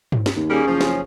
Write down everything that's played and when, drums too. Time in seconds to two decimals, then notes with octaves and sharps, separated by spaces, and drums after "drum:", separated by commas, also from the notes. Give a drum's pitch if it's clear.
0.12 drum: tom
0.26 drum: snare
0.36 D#2
0.50 G3 A#3 C#4 G#4
0.67 F#1 F3
0.81 drum: snare